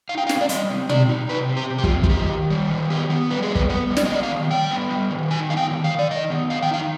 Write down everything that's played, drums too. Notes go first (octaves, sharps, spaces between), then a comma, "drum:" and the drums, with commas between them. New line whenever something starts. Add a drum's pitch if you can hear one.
D#4 F5
G5
F5
C4, drum: snare
D5
G3 D#5, drum: hi-hat
C4
C4 D5, drum: tom
D#4
C3 B4
C4
G4
C3
G4
F4, drum: kick
C4
F4, drum: kick
D#3 G4
D#3
G3
D#3
B3 G4
B3
G3 B4
G#4
B3
B4, drum: kick
B3 B4
G3
D5, drum: snare
D#5
B3 D5
F5
D#3
G3 G5
B3
G3
D#3
D#4 G#5
B3 F5
G5
D#3
F5
D#3
D5
D#4 D#5
B3
D#3 F5
G5
D#4 F5